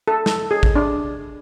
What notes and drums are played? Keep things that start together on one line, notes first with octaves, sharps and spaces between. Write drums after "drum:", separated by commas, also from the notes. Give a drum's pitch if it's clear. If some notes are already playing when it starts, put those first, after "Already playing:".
A4
A4, drum: snare
G#4
drum: kick
D4